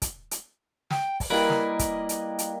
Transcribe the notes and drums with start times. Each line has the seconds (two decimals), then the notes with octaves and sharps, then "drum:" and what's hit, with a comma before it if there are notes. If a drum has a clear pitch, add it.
0.02 drum: kick, hi-hat
0.31 drum: hi-hat
0.91 G5, drum: snare
1.20 drum: kick, open hi-hat
1.30 G3 A#3 E4 G4 A#4 B4 D#5
1.50 drum: snare
1.79 drum: kick, hi-hat
2.09 drum: hi-hat
2.39 drum: hi-hat